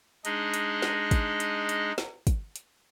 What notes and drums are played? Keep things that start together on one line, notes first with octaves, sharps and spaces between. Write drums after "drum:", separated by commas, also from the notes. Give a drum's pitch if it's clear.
G#3 D4 D#4 G#4 D#5, drum: hi-hat
drum: hi-hat
drum: snare
drum: kick, hi-hat
drum: hi-hat
drum: hi-hat
drum: snare
drum: kick, hi-hat
drum: hi-hat